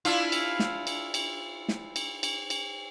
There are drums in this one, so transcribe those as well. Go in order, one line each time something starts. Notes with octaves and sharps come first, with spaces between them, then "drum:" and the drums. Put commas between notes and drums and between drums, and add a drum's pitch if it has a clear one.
D4 E4 F4, drum: cymbal
drum: cymbal
drum: snare
drum: cymbal
drum: cymbal
drum: snare
drum: cymbal
drum: cymbal
drum: cymbal